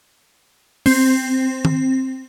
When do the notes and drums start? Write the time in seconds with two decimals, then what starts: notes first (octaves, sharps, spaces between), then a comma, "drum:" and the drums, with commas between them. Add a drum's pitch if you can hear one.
0.86 C4, drum: open hi-hat
1.65 drum: tom